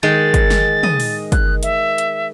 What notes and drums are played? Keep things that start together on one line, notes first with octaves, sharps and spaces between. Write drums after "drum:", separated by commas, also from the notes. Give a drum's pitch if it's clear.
D#3 G#3 A6
drum: kick, hi-hat
drum: snare
D#5, drum: tom
drum: open hi-hat
F#6, drum: kick, hi-hat
E5, drum: hi-hat
drum: hi-hat